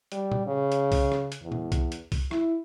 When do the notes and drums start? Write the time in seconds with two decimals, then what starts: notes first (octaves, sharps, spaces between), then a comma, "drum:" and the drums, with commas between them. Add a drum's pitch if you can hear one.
0.12 G3, drum: hi-hat
0.32 drum: tom A#2
0.46 C#3
0.72 drum: hi-hat
0.92 drum: kick C2, open hi-hat
1.12 drum: rim click
1.32 drum: hi-hat
1.42 E2
1.52 drum: tom A#2
1.72 drum: kick C2, hi-hat
1.92 drum: hi-hat
2.12 drum: kick C2, open hi-hat
2.31 E4, drum: rim click